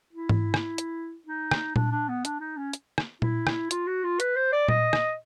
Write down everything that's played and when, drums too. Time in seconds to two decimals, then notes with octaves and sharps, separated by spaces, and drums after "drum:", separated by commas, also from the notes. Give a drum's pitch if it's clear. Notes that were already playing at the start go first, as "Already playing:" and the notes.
0.13 E4
0.29 drum: tom G#2
0.54 drum: rim click
0.78 drum: hi-hat
1.27 D#4
1.51 drum: rim click
1.76 D4, drum: tom A#2
1.92 D4
2.08 B3
2.25 D4, drum: hi-hat
2.41 D#4
2.57 C#4
2.73 drum: hi-hat
2.98 drum: rim click
3.22 E4, drum: tom A#2
3.47 drum: rim click
3.71 F4, drum: hi-hat
3.87 F#4
4.04 F4
4.20 B4, drum: hi-hat
4.36 C5
4.53 D5
4.68 D#5, drum: tom A#2
4.93 drum: rim click